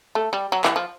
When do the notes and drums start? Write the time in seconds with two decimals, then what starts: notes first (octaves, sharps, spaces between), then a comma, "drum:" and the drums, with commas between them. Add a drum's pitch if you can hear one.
0.15 A3
0.33 G3
0.52 F#3
0.64 E3, drum: clap
0.76 F3